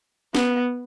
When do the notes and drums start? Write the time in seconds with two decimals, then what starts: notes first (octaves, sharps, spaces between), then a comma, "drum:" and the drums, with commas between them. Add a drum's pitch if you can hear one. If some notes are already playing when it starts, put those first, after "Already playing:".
0.35 B3, drum: snare